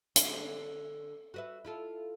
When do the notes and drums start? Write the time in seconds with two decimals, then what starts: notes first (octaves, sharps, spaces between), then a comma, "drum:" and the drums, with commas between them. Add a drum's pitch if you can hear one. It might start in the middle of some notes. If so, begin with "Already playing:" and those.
0.16 D3, drum: hi-hat
1.34 F#4 B4 E5
1.65 E4 F4 A4